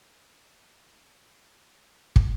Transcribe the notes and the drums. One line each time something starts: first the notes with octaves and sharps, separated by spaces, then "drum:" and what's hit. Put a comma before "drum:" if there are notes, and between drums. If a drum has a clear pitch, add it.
A6
A#6
C7
D7
A#5 E7
F6
E7
A#5
E7
D7
F6
D7
A5 E7
G7
drum: kick